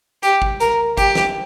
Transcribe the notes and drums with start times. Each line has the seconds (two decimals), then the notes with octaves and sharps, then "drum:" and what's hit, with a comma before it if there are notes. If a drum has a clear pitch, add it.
0.23 G4, drum: hi-hat
0.42 drum: kick G#1
0.60 A#4, drum: hi-hat
0.98 G4, drum: kick G#1, hi-hat
1.15 drum: snare